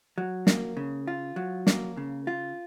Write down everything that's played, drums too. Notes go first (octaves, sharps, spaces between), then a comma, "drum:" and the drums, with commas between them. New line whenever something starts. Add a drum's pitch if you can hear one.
F#3
A#3, drum: snare
C#3
F4
F#3
A#3, drum: snare
C#3
F4